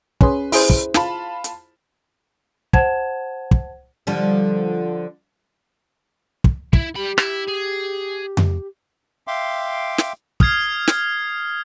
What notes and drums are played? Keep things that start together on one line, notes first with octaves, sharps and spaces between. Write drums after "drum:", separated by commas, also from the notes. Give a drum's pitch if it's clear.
C#4 G#4 B4 C6, drum: kick
E4 G#4 C5, drum: open hi-hat
drum: kick
F4 A5 B5, drum: snare
drum: hi-hat
C5 F#5 A5 G#6 E7, drum: kick
drum: kick
D3 F3 G3
drum: kick
E4, drum: kick
G3 G4 B5
E4, drum: rim click
G#4
drum: tom F2
E5 F5 G5 C6 D6
drum: snare
D#6 F6 G#6 C7, drum: kick
drum: snare